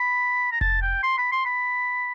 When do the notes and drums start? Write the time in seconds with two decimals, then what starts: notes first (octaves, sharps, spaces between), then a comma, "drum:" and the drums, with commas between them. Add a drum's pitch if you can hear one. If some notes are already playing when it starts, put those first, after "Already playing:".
Already playing: B5
0.52 A#5
0.61 A5, drum: kick F1
0.82 G5
1.03 C6
1.18 B5
1.32 C6
1.45 B5